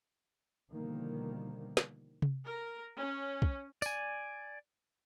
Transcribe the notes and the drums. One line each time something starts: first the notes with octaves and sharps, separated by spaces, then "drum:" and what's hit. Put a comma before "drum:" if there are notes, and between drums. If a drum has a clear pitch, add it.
B2 D3 D#3 F3 G3 A#3
drum: snare
drum: tom C3
A#4
C#4
drum: kick
D5 G#5, drum: tambourine